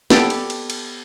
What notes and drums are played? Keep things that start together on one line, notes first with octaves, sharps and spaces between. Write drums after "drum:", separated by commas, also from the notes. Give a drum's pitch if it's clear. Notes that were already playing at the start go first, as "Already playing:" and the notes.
B3 G4 A4 D5 G5, drum: snare
drum: cymbal
drum: cymbal
drum: cymbal